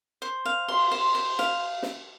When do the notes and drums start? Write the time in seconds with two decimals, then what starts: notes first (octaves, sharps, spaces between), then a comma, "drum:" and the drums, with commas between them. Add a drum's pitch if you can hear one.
0.22 C5
0.45 F5
0.68 C6, drum: cymbal
0.91 C5
1.15 C5
1.39 F5, drum: snare
1.83 drum: snare